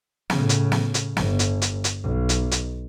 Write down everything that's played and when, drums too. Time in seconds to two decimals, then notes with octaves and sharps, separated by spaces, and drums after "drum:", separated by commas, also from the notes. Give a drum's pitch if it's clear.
0.30 A2 C#3, drum: snare
0.49 drum: hi-hat
0.72 drum: snare
0.94 drum: hi-hat
1.17 G1, drum: snare
1.39 drum: hi-hat
1.62 drum: hi-hat
1.84 drum: hi-hat
2.02 B1
2.29 drum: hi-hat
2.51 drum: hi-hat